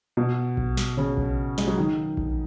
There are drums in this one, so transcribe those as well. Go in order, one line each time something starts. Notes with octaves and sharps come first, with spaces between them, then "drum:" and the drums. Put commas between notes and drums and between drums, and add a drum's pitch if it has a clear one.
B2
drum: kick A#1
drum: snare
C#3
drum: kick A#1
G#3, drum: snare
F#3
D#3
drum: kick A#1